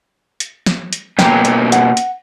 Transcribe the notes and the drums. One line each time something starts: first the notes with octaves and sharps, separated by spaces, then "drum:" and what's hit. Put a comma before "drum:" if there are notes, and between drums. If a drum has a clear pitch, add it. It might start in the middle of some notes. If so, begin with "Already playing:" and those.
drum: hi-hat
drum: snare
drum: hi-hat
B2 A#3 C#4 G5, drum: snare
drum: hi-hat
F#5, drum: hi-hat
drum: hi-hat